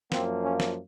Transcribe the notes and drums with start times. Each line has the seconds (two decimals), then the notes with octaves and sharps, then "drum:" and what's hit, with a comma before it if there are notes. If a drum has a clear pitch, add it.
0.12 F#2 F3 A#3 C4, drum: snare
0.44 C#4
0.60 drum: snare